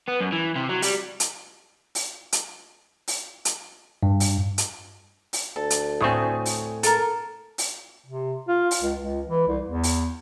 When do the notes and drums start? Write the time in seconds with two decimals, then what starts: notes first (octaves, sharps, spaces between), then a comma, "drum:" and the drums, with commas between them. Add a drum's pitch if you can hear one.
0.08 B3
0.21 F#2
0.33 E3
0.56 C3
0.69 F#3
0.82 G3, drum: open hi-hat
1.20 drum: hi-hat
1.95 drum: open hi-hat
2.32 drum: hi-hat
3.08 drum: open hi-hat
3.45 drum: hi-hat
4.03 G2
4.20 drum: open hi-hat
4.58 drum: hi-hat
5.33 drum: open hi-hat
5.56 D2 A4
5.70 drum: hi-hat
6.01 A2 A3 C4 G#5 C#6 D#6
6.46 drum: open hi-hat
6.83 A4 A#4, drum: hi-hat
7.58 drum: open hi-hat
8.06 C3
8.48 F4
8.71 drum: open hi-hat
8.82 C#2
9.01 C#2
9.27 E3
9.47 C2
9.65 E2
9.83 drum: open hi-hat